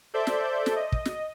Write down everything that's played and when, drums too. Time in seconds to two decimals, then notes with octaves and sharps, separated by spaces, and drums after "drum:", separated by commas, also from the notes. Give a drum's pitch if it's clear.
0.14 A4 C5 D5 E5 G6
0.27 drum: snare
0.66 drum: snare
0.76 D#5
0.92 drum: kick
1.05 drum: snare